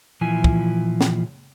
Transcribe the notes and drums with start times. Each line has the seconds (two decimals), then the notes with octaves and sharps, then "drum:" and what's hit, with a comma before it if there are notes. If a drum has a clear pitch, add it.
0.21 A#2 E3 F3 E4 G#5
0.44 drum: kick
1.01 drum: snare